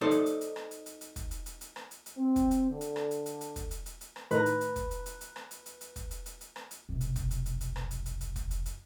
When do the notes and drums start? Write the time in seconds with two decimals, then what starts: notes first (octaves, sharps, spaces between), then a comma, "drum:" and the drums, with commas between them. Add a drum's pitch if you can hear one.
0.01 D#4 A4 C5 D5
0.11 drum: hi-hat
0.26 drum: hi-hat
0.41 drum: hi-hat
0.56 drum: rim click
0.71 drum: hi-hat
0.86 drum: hi-hat
1.01 drum: hi-hat
1.16 drum: kick, hi-hat
1.31 drum: hi-hat
1.46 drum: hi-hat
1.61 drum: hi-hat
1.76 drum: rim click
1.91 drum: hi-hat
2.06 drum: hi-hat
2.16 C4
2.36 drum: kick, hi-hat
2.51 drum: hi-hat
2.71 D3
2.81 drum: hi-hat
2.96 drum: rim click
3.11 drum: hi-hat
3.26 drum: hi-hat
3.41 drum: hi-hat
3.56 drum: kick, hi-hat
3.71 drum: hi-hat
3.86 drum: hi-hat
4.01 drum: hi-hat
4.16 drum: rim click
4.31 A2 D#3 B4 A#5, drum: hi-hat
4.46 drum: hi-hat
4.61 drum: hi-hat
4.76 drum: kick, hi-hat
4.91 drum: hi-hat
5.06 drum: hi-hat
5.21 drum: hi-hat
5.36 drum: rim click
5.51 drum: hi-hat
5.66 drum: hi-hat
5.81 drum: hi-hat
5.96 drum: kick, hi-hat
6.11 drum: hi-hat
6.26 drum: hi-hat
6.41 drum: hi-hat
6.56 drum: rim click
6.71 drum: hi-hat
6.89 F1 B1
7.01 drum: hi-hat
7.16 drum: kick, hi-hat
7.31 drum: hi-hat
7.46 drum: hi-hat
7.61 drum: hi-hat
7.76 drum: rim click
7.91 drum: hi-hat
8.06 drum: hi-hat
8.21 drum: hi-hat
8.36 drum: kick, hi-hat
8.51 drum: hi-hat
8.66 drum: hi-hat